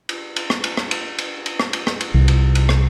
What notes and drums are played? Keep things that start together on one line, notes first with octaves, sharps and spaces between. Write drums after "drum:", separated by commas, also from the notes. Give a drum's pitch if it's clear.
drum: cymbal
drum: cymbal
drum: rim click
drum: cymbal
drum: rim click
drum: cymbal
drum: cymbal
drum: cymbal
drum: rim click
drum: cymbal
drum: rim click
drum: cymbal
C2
drum: cymbal
drum: cymbal
drum: rim click